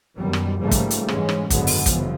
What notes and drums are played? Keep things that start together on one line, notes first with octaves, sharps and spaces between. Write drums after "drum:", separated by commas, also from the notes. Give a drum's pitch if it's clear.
F#2 B2 D#3 G3
drum: rim click
G#2 C#3 F3 G3 A3 A#3
drum: kick, hi-hat
drum: hi-hat
G#2 E3 G#3 C#4, drum: rim click
drum: rim click
F#1 G#2 D3 F#3 G#3 B3, drum: kick, hi-hat
drum: open hi-hat
G1 F#2 C#3 E3 F3, drum: kick, hi-hat